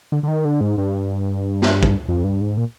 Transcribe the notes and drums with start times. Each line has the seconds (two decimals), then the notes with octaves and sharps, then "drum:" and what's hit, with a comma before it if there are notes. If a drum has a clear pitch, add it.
0.12 D3
0.23 D3
0.28 D#3
0.45 D3
0.61 G#2
0.78 G2
1.62 drum: snare
1.83 drum: kick
2.08 F2
2.24 G2
2.41 G#2
2.57 A#2